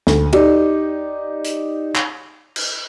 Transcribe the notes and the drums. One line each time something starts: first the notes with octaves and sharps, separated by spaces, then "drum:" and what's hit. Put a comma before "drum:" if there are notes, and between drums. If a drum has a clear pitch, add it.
D2, drum: snare
D#4 G4 D5, drum: cymbal
drum: hi-hat
drum: clap
drum: cymbal